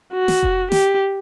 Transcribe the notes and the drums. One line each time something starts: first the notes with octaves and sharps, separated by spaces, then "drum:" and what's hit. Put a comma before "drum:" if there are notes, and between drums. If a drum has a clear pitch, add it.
F#4
drum: snare
drum: kick F1
G4, drum: snare